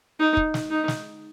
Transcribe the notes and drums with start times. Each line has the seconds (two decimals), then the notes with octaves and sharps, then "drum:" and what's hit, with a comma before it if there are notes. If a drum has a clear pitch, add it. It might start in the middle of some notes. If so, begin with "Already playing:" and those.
0.20 D#4
0.37 drum: kick
0.54 drum: snare
0.70 D#4
0.88 drum: snare